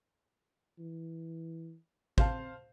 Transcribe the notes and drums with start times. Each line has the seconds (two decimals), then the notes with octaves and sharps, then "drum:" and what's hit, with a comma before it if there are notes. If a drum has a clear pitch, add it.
0.79 E3
2.18 C4 C5 F5 A5, drum: kick